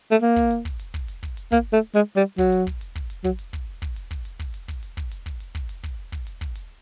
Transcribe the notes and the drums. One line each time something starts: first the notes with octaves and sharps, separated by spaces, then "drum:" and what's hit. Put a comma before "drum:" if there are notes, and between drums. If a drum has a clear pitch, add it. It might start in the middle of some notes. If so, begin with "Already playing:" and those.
A3
A#3
drum: kick, hi-hat
drum: hi-hat
drum: kick, hi-hat
drum: hi-hat
drum: kick, hi-hat
drum: hi-hat
drum: kick, hi-hat
drum: hi-hat
A#3, drum: kick, hi-hat
A3
G#3, drum: hi-hat
G3
F#3, drum: kick, hi-hat
drum: hi-hat
drum: kick, hi-hat
drum: hi-hat
drum: kick
drum: hi-hat
F#3, drum: kick, hi-hat
drum: hi-hat
drum: kick, hi-hat
drum: kick, hi-hat
drum: hi-hat
drum: kick, hi-hat
drum: hi-hat
drum: kick, hi-hat
drum: hi-hat
drum: kick, hi-hat
drum: hi-hat
drum: kick, hi-hat
drum: hi-hat
drum: kick, hi-hat
drum: hi-hat
drum: kick, hi-hat
drum: hi-hat
drum: kick, hi-hat
drum: kick, hi-hat
drum: hi-hat
drum: kick
drum: hi-hat